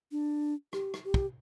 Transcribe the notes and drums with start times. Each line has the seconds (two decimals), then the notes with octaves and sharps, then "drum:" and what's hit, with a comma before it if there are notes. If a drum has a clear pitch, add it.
0.12 D4
0.73 G4, drum: rim click
0.94 drum: rim click
1.04 G4
1.14 drum: kick